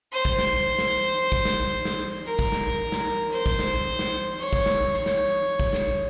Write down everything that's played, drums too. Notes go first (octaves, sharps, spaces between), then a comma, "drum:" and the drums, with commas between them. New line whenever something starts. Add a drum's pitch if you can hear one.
C5
drum: kick
drum: snare
drum: snare
drum: kick
drum: snare
drum: snare
A#4
drum: kick
drum: snare
drum: snare
C5
drum: kick
drum: snare
drum: snare
C#5
drum: kick
drum: snare
C#5
drum: snare
drum: kick
drum: snare